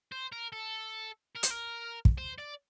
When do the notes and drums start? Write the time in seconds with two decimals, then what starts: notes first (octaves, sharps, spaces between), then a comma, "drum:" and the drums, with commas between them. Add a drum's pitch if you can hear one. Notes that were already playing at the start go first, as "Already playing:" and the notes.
0.12 C5
0.32 A#4
0.53 A4
1.35 A#4
1.43 C5, drum: hi-hat
1.50 A#4
2.05 drum: kick
2.18 C5
2.38 D5